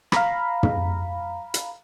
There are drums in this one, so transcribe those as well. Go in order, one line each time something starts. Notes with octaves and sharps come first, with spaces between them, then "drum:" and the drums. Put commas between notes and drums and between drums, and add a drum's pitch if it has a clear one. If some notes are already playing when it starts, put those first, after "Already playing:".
F5 A#5 B5, drum: rim click
drum: tom
drum: hi-hat